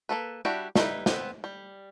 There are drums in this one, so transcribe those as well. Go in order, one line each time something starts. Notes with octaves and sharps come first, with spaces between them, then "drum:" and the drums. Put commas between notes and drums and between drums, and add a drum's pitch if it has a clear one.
A#3 A4 B4
G3 D4 E4 F#4 G4
G3 C#4 D#4 E4 B4, drum: snare
B3 C4, drum: snare
G3